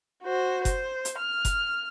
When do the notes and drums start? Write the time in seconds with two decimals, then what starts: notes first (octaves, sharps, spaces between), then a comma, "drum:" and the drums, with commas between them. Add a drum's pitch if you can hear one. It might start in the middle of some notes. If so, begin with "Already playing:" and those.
0.24 F#4 C5
0.65 C5, drum: kick F#1, hi-hat
1.05 drum: hi-hat
1.20 F6
1.45 drum: kick F#1, hi-hat